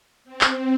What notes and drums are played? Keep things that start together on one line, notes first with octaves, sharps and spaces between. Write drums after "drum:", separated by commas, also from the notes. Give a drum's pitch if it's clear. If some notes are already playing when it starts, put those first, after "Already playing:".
C4
drum: clap